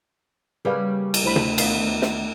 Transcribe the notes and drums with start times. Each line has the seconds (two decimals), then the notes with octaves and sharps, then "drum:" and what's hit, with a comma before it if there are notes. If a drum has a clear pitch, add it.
0.65 C#3 G3 A#3 G#4 B4 F5
1.14 drum: cymbal
1.24 D2 E4 C5 B5
1.36 drum: tom
1.58 D#2 B3 F5, drum: cymbal
2.02 drum: snare